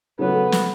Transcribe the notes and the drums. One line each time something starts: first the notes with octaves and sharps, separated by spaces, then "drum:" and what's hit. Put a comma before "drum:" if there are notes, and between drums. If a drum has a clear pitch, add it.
C#3 F#3 A3 B3
drum: snare